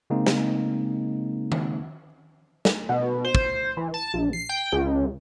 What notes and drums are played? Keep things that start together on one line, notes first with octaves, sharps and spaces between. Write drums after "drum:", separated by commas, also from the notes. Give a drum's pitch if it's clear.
C#3 G#3 A#3 C4 D#4
drum: snare
drum: tom D#3
drum: snare
B2
C5
drum: kick
E3
A5
A#1
C7
G5
C#2